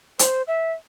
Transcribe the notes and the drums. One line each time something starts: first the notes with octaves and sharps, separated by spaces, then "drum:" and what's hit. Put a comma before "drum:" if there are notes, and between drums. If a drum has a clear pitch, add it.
C5, drum: hi-hat
E5